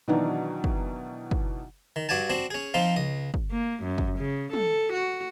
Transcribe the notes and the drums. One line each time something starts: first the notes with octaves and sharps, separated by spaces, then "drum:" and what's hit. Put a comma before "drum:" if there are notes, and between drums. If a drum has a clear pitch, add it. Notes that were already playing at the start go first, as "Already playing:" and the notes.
B2 D#3 E3 F#3 D4 D#4
drum: kick
drum: kick
D#3
G2 F#4 D5 G#5 A5
C4 D4 F#4
C#4 G#4
F3 C4 D#4 F4
C#2 D#5
drum: kick
A#3
F#2
drum: kick
C#3
A4, drum: tom
F#4